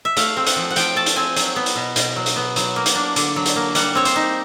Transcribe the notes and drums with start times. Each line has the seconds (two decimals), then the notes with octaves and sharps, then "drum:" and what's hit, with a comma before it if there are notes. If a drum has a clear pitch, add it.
0.05 E5
0.17 A3 F5, drum: hi-hat
0.37 C4
0.47 F#5, drum: hi-hat
0.56 F3
0.70 F#5
0.76 F3 G5, drum: hi-hat
0.96 A3 A5
1.06 drum: hi-hat
1.16 C4 G#5
1.36 F#3, drum: hi-hat
1.56 B3
1.66 drum: hi-hat
1.76 B2
1.96 B2, drum: hi-hat
2.16 F#3
2.26 drum: hi-hat
2.36 B3
2.56 F#3, drum: hi-hat
2.76 A#3
2.86 drum: hi-hat
2.95 D4
3.16 D3, drum: hi-hat
3.36 F#3
3.46 drum: hi-hat
3.56 A#3
3.75 G3 F#5, drum: hi-hat
3.95 C4 C#5
4.05 C5, drum: hi-hat
4.16 D#4